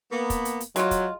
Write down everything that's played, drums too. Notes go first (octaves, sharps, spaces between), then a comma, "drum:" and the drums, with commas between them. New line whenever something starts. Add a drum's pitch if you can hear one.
A#3 B3
drum: kick, hi-hat
drum: hi-hat
drum: hi-hat
F#3 G#3 F4, drum: hi-hat
drum: kick, hi-hat